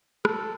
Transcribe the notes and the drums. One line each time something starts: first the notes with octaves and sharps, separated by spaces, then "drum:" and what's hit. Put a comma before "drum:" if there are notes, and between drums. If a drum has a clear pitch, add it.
A4, drum: rim click